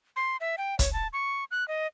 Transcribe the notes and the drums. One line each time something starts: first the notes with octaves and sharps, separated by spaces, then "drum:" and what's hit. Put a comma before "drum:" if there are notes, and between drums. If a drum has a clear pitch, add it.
C6
E5
G5
C#5, drum: kick, hi-hat
A5
C#6
F#6
D#5